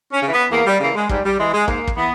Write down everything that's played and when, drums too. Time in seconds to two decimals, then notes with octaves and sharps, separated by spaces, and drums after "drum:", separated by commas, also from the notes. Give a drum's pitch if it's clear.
0.13 C#4
0.22 C#3 E3
0.32 B3
0.51 E2 A#3
0.66 G3
0.80 C#3 E3 A#3
0.95 G#3
1.09 G#2 G3, drum: kick
1.24 G3
1.39 E3 G#3
1.53 G#3
1.68 G#2 A#3, drum: kick
1.88 drum: kick
1.97 E3 B3